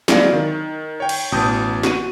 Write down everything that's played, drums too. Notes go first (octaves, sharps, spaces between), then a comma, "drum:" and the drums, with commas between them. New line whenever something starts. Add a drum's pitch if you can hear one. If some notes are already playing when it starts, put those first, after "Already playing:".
F#3 G#3 C4 E4 D5 F5, drum: snare
D#3
C#5 G5
drum: cymbal
A1 B2 A5 D#6 G6
F#4 D#7, drum: snare